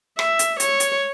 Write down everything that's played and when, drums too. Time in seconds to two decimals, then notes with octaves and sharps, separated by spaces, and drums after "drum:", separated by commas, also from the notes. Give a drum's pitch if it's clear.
0.19 E5, drum: rim click
0.39 drum: hi-hat
0.60 C#5, drum: hi-hat
0.80 drum: hi-hat